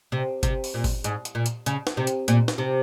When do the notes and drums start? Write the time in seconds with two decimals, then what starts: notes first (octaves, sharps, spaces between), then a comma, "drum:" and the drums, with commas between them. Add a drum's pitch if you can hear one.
0.12 C3
0.43 C3, drum: kick G1, hi-hat
0.64 drum: open hi-hat
0.74 A#2
0.84 drum: kick G1, open hi-hat
1.04 G#2, drum: hi-hat
1.25 drum: hi-hat
1.35 A#2
1.46 drum: hi-hat
1.66 C#3, drum: hi-hat
1.87 drum: snare
1.97 C3
2.07 drum: hi-hat
2.28 A#2, drum: hi-hat
2.48 drum: snare
2.58 C3